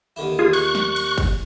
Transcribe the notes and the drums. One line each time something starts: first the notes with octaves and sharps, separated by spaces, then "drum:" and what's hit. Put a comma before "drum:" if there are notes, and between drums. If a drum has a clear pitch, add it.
D#2 D3 E4
D#2 F4 G#4
C#6 F#6, drum: cymbal
drum: snare
drum: cymbal
drum: kick, cymbal